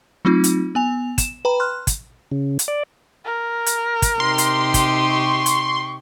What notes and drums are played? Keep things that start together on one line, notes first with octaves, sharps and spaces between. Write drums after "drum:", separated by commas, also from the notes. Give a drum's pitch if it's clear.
F#3 A3 C4 D#4 F4
drum: hi-hat
B3 G#5 F7
E7, drum: kick, hi-hat
B4 G5 A#5 B5
C6 F6 F#6
drum: kick, hi-hat
C#3
drum: hi-hat
D5
A#4
drum: hi-hat
drum: kick, hi-hat
C3 D#4 G4 C6
drum: hi-hat
drum: kick, hi-hat
C#6
drum: hi-hat